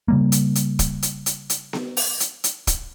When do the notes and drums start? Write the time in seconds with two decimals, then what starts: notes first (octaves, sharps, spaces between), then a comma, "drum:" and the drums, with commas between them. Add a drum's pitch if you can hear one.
0.08 C#3 G3 A#3
0.32 drum: hi-hat
0.55 drum: hi-hat
0.79 drum: kick, hi-hat
1.02 drum: hi-hat
1.26 drum: hi-hat
1.50 drum: hi-hat
1.73 drum: snare B3
1.97 drum: open hi-hat
2.20 drum: hi-hat
2.44 drum: hi-hat
2.67 drum: kick, hi-hat